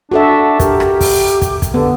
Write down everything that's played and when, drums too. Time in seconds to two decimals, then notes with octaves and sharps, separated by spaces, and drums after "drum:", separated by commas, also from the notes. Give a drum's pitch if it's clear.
0.12 D4 F#4 A4 E5
0.60 G4 A#4, drum: kick, hi-hat
0.80 drum: rim click
1.01 drum: kick, open hi-hat
1.42 drum: kick, hi-hat
1.62 drum: kick, hi-hat
1.74 D3 B3